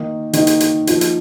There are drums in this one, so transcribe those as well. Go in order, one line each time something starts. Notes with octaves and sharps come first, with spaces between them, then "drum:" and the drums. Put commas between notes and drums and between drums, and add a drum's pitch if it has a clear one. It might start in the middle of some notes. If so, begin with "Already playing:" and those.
Already playing: D#3 A#3 D#4
D#3 A#3 D#4, drum: hi-hat
drum: hi-hat
drum: hi-hat
F3 A#3 D#4, drum: hi-hat
drum: hi-hat